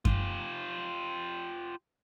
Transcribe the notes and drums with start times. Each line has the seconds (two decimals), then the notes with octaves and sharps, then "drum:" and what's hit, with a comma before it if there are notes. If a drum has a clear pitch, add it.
0.05 F4 G4, drum: kick F#2